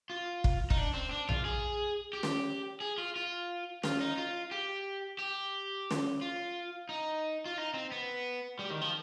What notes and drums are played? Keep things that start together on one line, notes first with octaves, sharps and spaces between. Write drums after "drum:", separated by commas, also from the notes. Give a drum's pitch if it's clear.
F4
drum: kick
D#4, drum: kick
D4
C4
D4
F4, drum: tom A#1
G#4
G4
drum: snare
G#4
F4
F4
F4, drum: snare
D#4
F4
G4
G4
drum: snare
F4
D#4
F4
D#4
C4
B3
G3
D#3
F3